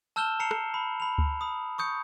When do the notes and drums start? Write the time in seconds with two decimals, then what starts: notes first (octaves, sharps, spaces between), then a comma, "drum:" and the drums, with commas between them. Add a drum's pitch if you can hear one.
0.16 A5 E6 F6 G6 E7 G7
0.39 A5 A#5 E6 C7 C#7 F7
0.51 drum: rim click
0.74 B5
1.00 B5 F7
1.18 drum: kick D2
1.41 B5 D#6
1.78 C#6 D#6 G6 C#7